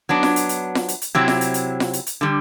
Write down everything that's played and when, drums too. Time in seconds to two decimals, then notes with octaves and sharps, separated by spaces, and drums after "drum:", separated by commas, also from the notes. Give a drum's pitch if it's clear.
0.09 F#3 B3 D4
0.23 drum: snare F4
0.36 drum: hi-hat
0.49 drum: hi-hat
0.75 drum: snare F4
0.88 drum: hi-hat
1.02 drum: hi-hat
1.15 C3 F#3 C4 E4
1.28 drum: snare F4
1.41 drum: hi-hat
1.54 drum: hi-hat
1.80 drum: snare F4
1.93 drum: hi-hat
2.07 drum: hi-hat
2.21 D3 G3